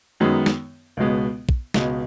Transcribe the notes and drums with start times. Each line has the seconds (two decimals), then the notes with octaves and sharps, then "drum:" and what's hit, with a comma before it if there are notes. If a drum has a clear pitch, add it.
0.20 F#2 D#3 G#3 B3
0.46 drum: snare
0.97 C#2 B2 G#3 B3
1.49 drum: kick
1.74 C#2 B2 G#3 B3, drum: snare